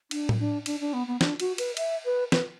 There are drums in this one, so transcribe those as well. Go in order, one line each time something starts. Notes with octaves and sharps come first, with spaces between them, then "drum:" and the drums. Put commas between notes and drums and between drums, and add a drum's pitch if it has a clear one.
D4, drum: cymbal
drum: tom A2
D4
D4, drum: cymbal
D4
B3
B3
D4, drum: snare
F#4, drum: cymbal
B4, drum: cymbal
E5, drum: cymbal
B4
B4, drum: snare